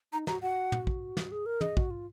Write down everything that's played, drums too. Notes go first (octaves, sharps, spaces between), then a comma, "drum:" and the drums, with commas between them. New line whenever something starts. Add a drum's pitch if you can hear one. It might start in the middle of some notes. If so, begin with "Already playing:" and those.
D#4 A#5
F#4 A#5, drum: snare
F#4 F#5
drum: tom
drum: kick
drum: snare
G#4
A#4
G#4 D#5, drum: tom
F#4, drum: kick
F4